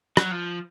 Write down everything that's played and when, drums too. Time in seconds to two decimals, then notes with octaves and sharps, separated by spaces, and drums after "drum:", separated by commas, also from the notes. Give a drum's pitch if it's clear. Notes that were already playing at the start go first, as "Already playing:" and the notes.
0.17 F#3, drum: rim click
0.31 F3